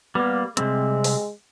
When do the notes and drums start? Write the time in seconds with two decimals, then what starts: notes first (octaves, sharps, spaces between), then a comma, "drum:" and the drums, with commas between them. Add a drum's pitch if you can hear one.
0.15 G3 A#3 B3
0.57 C3 G3 G#3 C4, drum: hi-hat
1.04 drum: open hi-hat